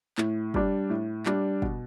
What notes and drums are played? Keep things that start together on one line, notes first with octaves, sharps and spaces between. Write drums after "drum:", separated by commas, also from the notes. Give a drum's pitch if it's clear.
A2, drum: clap
G3 D4, drum: kick
A2
G3 D4, drum: clap
B2, drum: kick